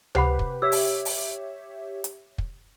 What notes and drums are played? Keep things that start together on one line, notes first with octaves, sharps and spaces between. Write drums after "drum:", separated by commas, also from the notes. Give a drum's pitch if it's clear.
C3 G4 B4 C5 F#5 B5, drum: tom C#2
drum: kick
G4 C#5 E5 E6
drum: open hi-hat
drum: open hi-hat
drum: hi-hat
drum: kick